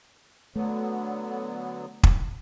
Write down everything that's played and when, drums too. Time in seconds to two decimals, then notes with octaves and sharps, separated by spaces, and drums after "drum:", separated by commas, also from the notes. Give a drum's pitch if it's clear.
0.56 D3 F#3 A3 B3
2.03 drum: kick